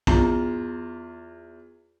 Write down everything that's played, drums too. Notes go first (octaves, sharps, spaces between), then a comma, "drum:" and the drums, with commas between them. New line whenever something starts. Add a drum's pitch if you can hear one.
E2 F4 A#5, drum: kick